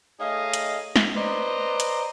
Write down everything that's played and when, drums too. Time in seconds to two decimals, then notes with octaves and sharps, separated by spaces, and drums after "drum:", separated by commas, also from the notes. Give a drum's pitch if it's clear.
0.21 A3 D#4 G#4 C#5 D#5 F5
0.54 drum: hi-hat
0.96 drum: snare
1.17 B4 C5 D5 D#5 A#5
1.80 drum: hi-hat